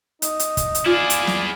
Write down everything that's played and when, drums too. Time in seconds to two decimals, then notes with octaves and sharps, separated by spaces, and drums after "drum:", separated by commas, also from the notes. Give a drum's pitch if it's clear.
0.22 D#4, drum: hi-hat
0.40 drum: hi-hat
0.57 drum: kick, hi-hat
0.75 drum: hi-hat
0.86 E4 F4 G#4 D5
1.10 drum: hi-hat
1.27 drum: snare